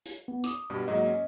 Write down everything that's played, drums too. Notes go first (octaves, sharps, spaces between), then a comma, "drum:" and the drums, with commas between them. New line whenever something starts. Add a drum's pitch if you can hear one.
drum: hi-hat
B3
D6 D#6, drum: hi-hat
G2 B2 G3
G#2 F#3 A#3 D#5
C#4